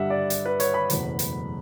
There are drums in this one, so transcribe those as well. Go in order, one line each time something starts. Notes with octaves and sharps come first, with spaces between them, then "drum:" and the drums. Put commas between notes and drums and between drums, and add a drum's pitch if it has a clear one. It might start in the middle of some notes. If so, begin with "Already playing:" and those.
Already playing: G2 D3 G3 E5 F#5
D5
drum: hi-hat
B4
C#5, drum: hi-hat
B5
F#1 E2 B2 F#3 A3, drum: hi-hat
drum: hi-hat